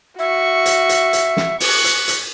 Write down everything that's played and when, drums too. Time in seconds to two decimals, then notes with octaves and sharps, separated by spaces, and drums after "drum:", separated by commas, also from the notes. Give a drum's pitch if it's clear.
0.19 F#4 E5 C#6
0.66 drum: hi-hat
0.89 drum: hi-hat
1.13 drum: hi-hat
1.37 drum: snare
1.60 C#6 F#6, drum: open hi-hat
1.84 drum: hi-hat
2.08 drum: hi-hat